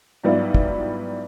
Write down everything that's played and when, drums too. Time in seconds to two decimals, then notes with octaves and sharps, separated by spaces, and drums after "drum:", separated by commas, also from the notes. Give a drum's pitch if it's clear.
0.23 G#2 F#3 G3 B3 E4 F4
0.54 drum: kick